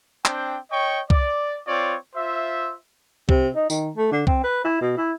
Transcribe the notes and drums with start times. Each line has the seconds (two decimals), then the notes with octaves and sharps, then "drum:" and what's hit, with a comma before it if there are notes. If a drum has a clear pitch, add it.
0.25 C4 D4 G5, drum: clap
0.71 C#5 D#5 G5 C#6
1.10 D5, drum: kick C2
1.67 C4 F4 C#5 D5
2.15 F4 C5 E5
3.29 C3, drum: kick C2
3.56 D#4
3.70 D#3, drum: tambourine
3.96 A3
4.12 D3
4.27 C4, drum: kick C2
4.44 B4
4.64 E4
4.81 B2
4.97 E4